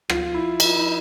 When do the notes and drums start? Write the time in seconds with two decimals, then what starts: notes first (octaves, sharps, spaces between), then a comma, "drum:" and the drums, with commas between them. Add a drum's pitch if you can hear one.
0.10 F3 F4, drum: rim click
0.34 E4
0.60 D#4, drum: cymbal
0.77 E4